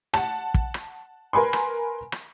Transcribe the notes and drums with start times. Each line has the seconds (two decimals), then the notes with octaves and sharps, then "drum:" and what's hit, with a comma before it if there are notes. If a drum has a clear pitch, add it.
0.14 F#5 A5, drum: rim click
0.54 drum: kick
0.74 drum: rim click
1.33 A#4 B4 G#5 B5 C6
1.53 drum: rim click
2.12 drum: rim click